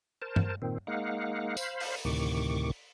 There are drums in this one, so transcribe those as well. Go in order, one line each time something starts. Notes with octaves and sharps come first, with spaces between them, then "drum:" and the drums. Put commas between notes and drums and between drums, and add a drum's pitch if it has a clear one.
A#4 C5 A5
drum: tom G2
A#2 D#3 C4
G#3 A#3 D#4 F5 F#5
C5 F5 B5, drum: tambourine
drum: open hi-hat
D2 A2 C3 D#3 C#6 D6